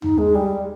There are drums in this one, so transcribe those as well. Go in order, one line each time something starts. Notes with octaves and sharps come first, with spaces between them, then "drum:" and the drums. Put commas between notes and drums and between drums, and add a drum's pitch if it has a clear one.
D#4, drum: tom
G#3
G3